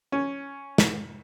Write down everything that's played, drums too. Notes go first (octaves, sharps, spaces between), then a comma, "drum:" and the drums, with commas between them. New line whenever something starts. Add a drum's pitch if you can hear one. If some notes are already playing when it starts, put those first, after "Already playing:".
C#4
drum: snare